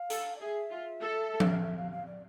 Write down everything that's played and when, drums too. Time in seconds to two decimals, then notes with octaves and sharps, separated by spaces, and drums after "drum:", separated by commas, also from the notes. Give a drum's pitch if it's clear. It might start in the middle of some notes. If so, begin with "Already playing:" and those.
Already playing: F5
0.10 A4, drum: hi-hat
0.36 D5
0.41 G#4 E5
0.71 F4
1.01 A4
1.40 drum: tom F3
1.61 E5
1.77 F5
1.92 F5
2.06 D5